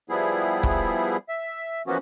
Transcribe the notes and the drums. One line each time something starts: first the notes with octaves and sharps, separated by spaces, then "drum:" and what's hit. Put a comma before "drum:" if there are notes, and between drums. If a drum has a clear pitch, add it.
F3 G3 B3 E4 G#4
drum: kick
E5
E3 F3 A#3 B3 C#4 F#4